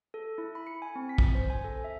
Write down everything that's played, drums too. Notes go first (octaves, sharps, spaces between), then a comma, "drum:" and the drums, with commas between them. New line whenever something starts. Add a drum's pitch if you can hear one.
A4
E4
B5
C#7
G#5
C4
B6
drum: kick
C5
G#5
A4
E5